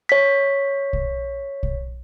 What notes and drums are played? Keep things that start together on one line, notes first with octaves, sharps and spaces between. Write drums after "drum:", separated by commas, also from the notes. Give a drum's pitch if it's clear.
C#5 B6
drum: kick
drum: kick